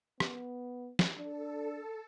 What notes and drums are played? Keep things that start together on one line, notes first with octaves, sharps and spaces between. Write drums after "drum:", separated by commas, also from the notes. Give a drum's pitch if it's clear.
B3, drum: rim click
drum: snare
D4 A4